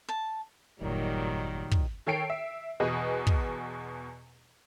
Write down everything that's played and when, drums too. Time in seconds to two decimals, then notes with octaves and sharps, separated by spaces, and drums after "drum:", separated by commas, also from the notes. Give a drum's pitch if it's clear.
0.09 A5
0.81 G1 F2 A#2 D#3 F#3 G3
1.71 drum: kick
2.07 D#3 A4 C#5 G5 C7 D7
2.30 E5
2.80 E2 B2 G#4 B4 D#5
3.27 drum: kick